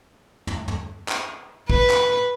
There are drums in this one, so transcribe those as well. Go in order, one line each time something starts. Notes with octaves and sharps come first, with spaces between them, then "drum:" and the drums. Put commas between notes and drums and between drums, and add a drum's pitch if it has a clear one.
drum: tom
drum: tom
drum: clap
B4, drum: kick
drum: clap